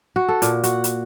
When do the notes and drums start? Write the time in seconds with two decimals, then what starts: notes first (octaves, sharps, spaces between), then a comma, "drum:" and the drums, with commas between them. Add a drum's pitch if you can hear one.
0.16 F#4
0.28 A4
0.42 A#2, drum: hi-hat
0.63 F#4, drum: hi-hat
0.84 drum: hi-hat